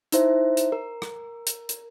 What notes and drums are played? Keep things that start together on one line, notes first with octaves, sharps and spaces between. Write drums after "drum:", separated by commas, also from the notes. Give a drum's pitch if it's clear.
D#4 E4 C5 E5, drum: hi-hat
drum: hi-hat
A#4
drum: rim click
drum: hi-hat
drum: hi-hat